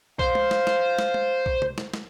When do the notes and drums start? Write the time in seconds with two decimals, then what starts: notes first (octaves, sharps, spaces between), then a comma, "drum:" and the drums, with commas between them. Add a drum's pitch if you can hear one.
0.19 C5 F5, drum: kick B1
0.35 drum: tom
0.51 drum: snare
0.67 drum: snare
0.99 drum: snare
1.14 drum: tom
1.46 drum: kick B1
1.62 drum: tom
1.78 drum: snare
1.94 drum: snare